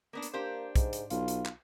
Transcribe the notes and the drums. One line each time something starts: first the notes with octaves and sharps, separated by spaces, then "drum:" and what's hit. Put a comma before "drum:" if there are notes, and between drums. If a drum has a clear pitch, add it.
A#3 B3 D4
drum: hi-hat
A#3 D4 G4 C5
G#2, drum: kick, hi-hat
drum: hi-hat
B1 F4, drum: hi-hat
drum: hi-hat
drum: clap